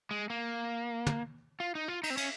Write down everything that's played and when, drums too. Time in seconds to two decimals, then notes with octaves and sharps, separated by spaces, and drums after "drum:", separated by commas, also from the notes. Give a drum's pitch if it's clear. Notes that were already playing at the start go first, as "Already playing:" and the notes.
0.11 G#3
0.30 A#3
1.07 drum: tom
1.60 F4
1.75 D#4
1.88 F4
2.03 D#4, drum: cymbal
2.10 C4
2.17 C#4, drum: cymbal